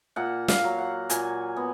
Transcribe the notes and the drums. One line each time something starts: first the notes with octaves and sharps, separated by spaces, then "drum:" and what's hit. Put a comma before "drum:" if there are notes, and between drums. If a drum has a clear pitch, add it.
A#2 F#5
F5, drum: snare
F#3
F#5
A#2 G#5, drum: hi-hat
B3